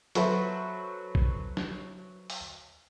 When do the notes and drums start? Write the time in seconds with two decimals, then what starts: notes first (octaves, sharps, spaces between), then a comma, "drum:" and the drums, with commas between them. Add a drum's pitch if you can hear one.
0.15 F#3 F#4 A4 B4 C5 E5, drum: hi-hat
1.15 drum: kick
1.57 drum: snare
2.30 drum: open hi-hat